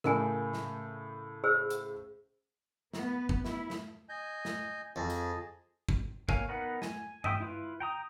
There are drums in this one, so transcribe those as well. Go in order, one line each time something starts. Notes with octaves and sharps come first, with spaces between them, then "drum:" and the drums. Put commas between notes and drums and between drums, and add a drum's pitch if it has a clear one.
A2 C#3 A#4 G#5, drum: rim click
drum: snare
G#4 C5 E6
drum: hi-hat
B3, drum: snare
drum: kick
E4, drum: snare
drum: snare
D#5 G#5 G6
drum: snare
F2 G#4 D#5 A5
drum: tambourine
drum: kick
A#3 C#5 F5 G#5, drum: kick
B3 D#4 A#4 B4 F#5
G#5, drum: snare
D#5 E5 G5 C6 D#6, drum: tom
E4 F4 B4
G5 A#5 D#6